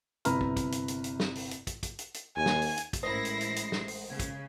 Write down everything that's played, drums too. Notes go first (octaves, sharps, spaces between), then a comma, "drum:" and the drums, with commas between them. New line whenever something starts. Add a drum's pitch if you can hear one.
G1 C3 E4 B4 A#5 F6, drum: hi-hat
drum: kick
drum: kick, hi-hat
drum: hi-hat
drum: hi-hat
drum: hi-hat
drum: snare
drum: open hi-hat
drum: hi-hat
drum: kick, hi-hat
drum: kick, hi-hat
drum: hi-hat
drum: hi-hat
D#2 G#5
drum: snare
drum: open hi-hat
drum: hi-hat
drum: kick, hi-hat
A1 G#3 E4 A#4 C5 D#6 A#6 C7
drum: hi-hat
drum: hi-hat
drum: hi-hat
drum: snare
drum: open hi-hat
C#3 G#6
drum: kick, hi-hat